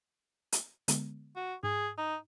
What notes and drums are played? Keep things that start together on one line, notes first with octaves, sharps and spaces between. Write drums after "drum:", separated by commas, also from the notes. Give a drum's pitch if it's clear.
drum: hi-hat
D3 G#3 B3, drum: hi-hat
F#4
G#2 G#4
D#4